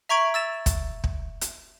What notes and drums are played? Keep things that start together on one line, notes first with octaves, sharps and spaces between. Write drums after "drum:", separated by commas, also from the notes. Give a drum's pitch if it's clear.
E5 A#5 C#6 G#6 D7 F#7
E6 A6 E7
drum: kick, hi-hat
drum: kick
drum: hi-hat